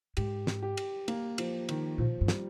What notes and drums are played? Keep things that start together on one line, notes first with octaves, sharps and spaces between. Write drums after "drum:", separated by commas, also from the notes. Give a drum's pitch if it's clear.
G#2 G4, drum: cymbal
drum: snare
G4
drum: cymbal
A#3, drum: cymbal
F3, drum: cymbal
D#3, drum: cymbal
A#2 F3
G2
G3, drum: snare